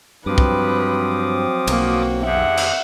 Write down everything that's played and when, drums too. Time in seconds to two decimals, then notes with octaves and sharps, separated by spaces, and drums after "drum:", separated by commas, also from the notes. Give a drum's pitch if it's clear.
0.26 G2 F3 F#3 C4 B4 D6 D#6
0.38 drum: kick
1.67 B1 A#3 F#4, drum: cymbal
2.26 F2 G4 G#4 E5 F#5
2.57 drum: cymbal